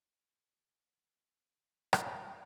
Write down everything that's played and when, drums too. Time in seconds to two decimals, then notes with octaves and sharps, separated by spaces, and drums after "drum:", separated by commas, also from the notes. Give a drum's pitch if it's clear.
0.18 A3
1.04 D#3
1.93 drum: rim click